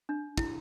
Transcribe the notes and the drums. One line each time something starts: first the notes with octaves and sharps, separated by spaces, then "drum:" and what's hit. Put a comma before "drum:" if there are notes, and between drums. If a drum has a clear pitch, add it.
D4
E4, drum: kick